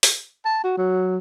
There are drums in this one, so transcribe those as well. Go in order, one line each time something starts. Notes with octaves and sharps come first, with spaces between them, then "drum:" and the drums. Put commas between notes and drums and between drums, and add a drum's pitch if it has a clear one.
drum: open hi-hat
A5
F#4
F#3